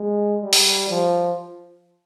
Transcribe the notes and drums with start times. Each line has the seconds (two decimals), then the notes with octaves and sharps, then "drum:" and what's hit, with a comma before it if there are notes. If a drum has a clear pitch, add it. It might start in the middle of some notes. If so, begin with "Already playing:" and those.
Already playing: G#3
0.42 G3
0.53 drum: open hi-hat
0.89 F3